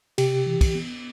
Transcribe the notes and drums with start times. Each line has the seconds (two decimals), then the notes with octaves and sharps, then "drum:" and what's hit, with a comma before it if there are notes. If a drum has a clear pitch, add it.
0.18 C3 G4, drum: cymbal
0.46 E3
0.61 drum: kick, cymbal
0.75 B3